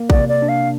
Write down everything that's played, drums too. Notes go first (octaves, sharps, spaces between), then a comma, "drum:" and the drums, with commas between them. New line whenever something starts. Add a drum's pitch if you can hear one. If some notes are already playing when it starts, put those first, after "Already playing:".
Already playing: A#3
D5, drum: kick
C3
D5
D4
F5